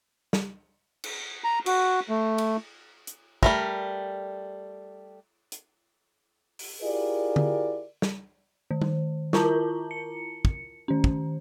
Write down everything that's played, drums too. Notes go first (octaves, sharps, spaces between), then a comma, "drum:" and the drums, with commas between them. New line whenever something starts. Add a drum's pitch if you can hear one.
drum: snare
drum: cymbal
A#5
F#4, drum: cymbal
A3
drum: cymbal
drum: hi-hat
G3 A3 A#4, drum: kick
drum: hi-hat
drum: open hi-hat
E4 F4 G4 G#4 A#4 D5
drum: tom D3
drum: snare
D#3
drum: tom G3
E4 F4 A#4 A5 A#5, drum: snare
C#7
drum: kick
D#3 C#4
drum: kick